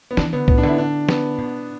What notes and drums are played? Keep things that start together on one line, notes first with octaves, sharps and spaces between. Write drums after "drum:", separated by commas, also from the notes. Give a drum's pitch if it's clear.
B3
E3 D4, drum: snare
D3 B3
A2 B3, drum: kick C2
D4
D3
E4
B3
D4
B3, drum: snare
B2